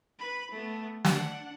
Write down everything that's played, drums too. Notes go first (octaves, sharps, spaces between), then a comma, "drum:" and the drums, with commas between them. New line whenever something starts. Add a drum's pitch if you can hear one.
B4 B5
A3 B3
D4 F#5, drum: snare